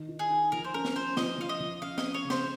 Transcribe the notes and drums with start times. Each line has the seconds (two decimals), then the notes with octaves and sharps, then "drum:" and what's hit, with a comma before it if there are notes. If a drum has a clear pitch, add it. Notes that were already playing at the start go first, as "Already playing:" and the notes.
Already playing: D#3
0.09 D#4
0.19 G#4
0.31 D#4
0.52 F3 A#4
0.64 C5
0.74 C#4 A#4
0.85 drum: snare
0.96 C#4 C5
1.17 F3 D#5, drum: snare
1.38 F3 F5
1.49 D#5
1.60 F3
1.82 C#4 F5
1.98 D#5, drum: snare
2.03 C#4
2.14 C#5
2.25 C#3
2.30 C5, drum: snare